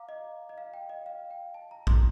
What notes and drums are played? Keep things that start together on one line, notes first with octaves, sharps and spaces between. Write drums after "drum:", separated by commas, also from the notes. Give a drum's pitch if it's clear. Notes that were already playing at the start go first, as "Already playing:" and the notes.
Already playing: F5 A#5 D6
D#5
D#5
F5
G5
D#5
F5
G5
A5
A#5
C6, drum: kick A#1